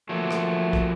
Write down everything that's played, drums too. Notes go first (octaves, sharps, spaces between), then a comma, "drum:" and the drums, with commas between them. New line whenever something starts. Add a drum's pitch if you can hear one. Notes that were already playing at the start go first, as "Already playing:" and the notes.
F3 F#3 A3 A#3
drum: rim click
drum: kick